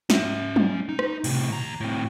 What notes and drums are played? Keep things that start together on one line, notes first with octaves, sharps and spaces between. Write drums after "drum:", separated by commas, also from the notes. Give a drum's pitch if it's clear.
C#4 E5, drum: snare
drum: tom
D#4
drum: rim click
A2 C3, drum: cymbal
D#2 A#5
A2 C4